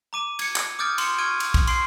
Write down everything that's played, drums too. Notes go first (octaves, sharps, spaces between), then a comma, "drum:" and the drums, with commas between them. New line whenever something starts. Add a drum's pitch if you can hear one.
A#5 D6 D#7
G#6 C#7, drum: cymbal
drum: clap
D6 D#6 F6 G6 A6 D7
C6 C#7, drum: cymbal
C#6 F6 G#6 D7 D#7
drum: cymbal
drum: kick A#1, cymbal
C6 C7 D7, drum: cymbal